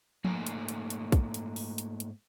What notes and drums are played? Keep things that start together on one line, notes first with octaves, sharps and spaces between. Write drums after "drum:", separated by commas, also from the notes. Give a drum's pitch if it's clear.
G#2 A3 A#3 D#4 F#4 G#5, drum: tom F3
drum: hi-hat
drum: hi-hat
drum: hi-hat
drum: kick, hi-hat
drum: hi-hat
drum: open hi-hat
drum: hi-hat
drum: hi-hat